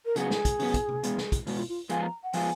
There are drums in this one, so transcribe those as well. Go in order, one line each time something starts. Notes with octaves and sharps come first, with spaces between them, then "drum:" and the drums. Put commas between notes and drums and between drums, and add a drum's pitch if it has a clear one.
A#4
C#3 F#3 B3 F#4 G#4, drum: hi-hat
drum: snare
drum: kick, hi-hat
C#3 F#3 B3 F#4, drum: open hi-hat
drum: kick, hi-hat
drum: tom C3
B2 G#3 B3, drum: hi-hat
drum: snare
drum: kick, hi-hat
B2 G#3 B3 F#4, drum: open hi-hat
F4
F4
F3 G#3 B3 F4 G#4 G#5, drum: hi-hat
A#5
F#5
F3 G#3 B3 F4 G#4 G#5, drum: open hi-hat